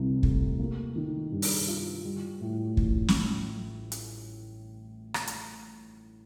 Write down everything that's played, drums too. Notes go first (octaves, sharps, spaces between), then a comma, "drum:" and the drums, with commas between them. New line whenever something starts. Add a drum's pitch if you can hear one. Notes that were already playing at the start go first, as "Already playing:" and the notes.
Already playing: C2 C3
A3, drum: kick
A#3
D#3
G2
drum: open hi-hat
F4
G3
A2
A1, drum: kick
drum: snare
drum: hi-hat
drum: rim click
drum: hi-hat